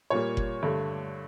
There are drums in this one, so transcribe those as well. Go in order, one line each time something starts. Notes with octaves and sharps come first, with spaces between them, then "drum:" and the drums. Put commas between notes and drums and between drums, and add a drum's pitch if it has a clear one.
A#2 G3 A#3 C#5
drum: kick F#1
G2 D3 A3